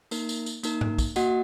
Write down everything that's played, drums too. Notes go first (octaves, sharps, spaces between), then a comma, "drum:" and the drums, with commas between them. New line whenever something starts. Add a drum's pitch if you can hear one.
A#3 D#4 A#4, drum: tambourine
drum: tambourine
drum: tambourine
A#3 D#4 A#4, drum: tambourine
drum: tom G#2
drum: kick, tambourine
A#3 F#4 D#5 F#5, drum: tambourine